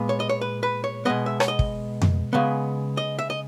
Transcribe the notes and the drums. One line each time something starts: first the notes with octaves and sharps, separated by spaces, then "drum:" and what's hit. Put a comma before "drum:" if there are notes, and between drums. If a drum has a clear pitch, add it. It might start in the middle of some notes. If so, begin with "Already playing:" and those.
Already playing: A#2 G#3 B3
C#5
D#5
C#5
B4
B4
C#5
B2 G#3 B3 D#5
E5
C#5, drum: rim click
D#5
drum: kick
drum: tom F2
C#3 G#3 B3
D#5
E5
D#5